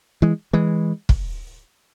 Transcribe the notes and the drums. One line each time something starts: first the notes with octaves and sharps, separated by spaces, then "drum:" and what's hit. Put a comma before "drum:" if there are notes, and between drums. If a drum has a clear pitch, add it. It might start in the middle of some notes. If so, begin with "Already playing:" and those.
E3 G#3
E3 G#3
drum: kick